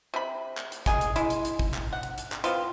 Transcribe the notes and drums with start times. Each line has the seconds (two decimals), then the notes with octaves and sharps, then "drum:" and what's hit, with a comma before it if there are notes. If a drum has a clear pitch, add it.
0.14 C3 B5
0.57 drum: clap
0.72 drum: hi-hat
0.86 G#3 G#4, drum: kick, hi-hat
1.01 drum: hi-hat
1.16 G#3 E4, drum: hi-hat
1.30 drum: hi-hat
1.45 drum: hi-hat
1.59 drum: kick, open hi-hat
1.74 drum: clap
1.93 F#5
2.03 drum: hi-hat
2.18 drum: hi-hat
2.32 drum: clap
2.44 B3 C4 F4, drum: hi-hat